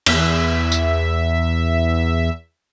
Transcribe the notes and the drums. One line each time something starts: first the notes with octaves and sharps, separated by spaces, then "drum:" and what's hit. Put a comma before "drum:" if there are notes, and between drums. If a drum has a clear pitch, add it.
E2 E5, drum: cymbal
drum: tambourine